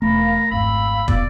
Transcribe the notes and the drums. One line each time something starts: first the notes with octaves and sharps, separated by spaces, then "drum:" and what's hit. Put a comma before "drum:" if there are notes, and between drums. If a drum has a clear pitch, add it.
E1 A3 A#4 F5 A#5 B5
G#1 F2 F5 B5 E6
B3 F4 D5, drum: kick